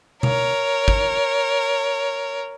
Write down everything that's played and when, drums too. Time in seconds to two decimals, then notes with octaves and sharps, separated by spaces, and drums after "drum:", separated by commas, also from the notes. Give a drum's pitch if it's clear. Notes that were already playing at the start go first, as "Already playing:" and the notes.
0.23 A#4 C#5, drum: tom B2
0.88 drum: kick